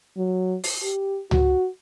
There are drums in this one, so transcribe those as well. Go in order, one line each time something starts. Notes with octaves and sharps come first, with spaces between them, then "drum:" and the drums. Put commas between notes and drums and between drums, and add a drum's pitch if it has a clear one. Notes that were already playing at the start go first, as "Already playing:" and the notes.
F#3
drum: open hi-hat
G4
F#4, drum: tom C#2